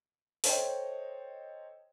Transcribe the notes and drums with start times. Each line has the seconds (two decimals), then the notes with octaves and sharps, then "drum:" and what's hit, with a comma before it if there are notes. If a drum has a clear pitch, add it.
0.44 A4 C5 C#5 D#5 G5, drum: open hi-hat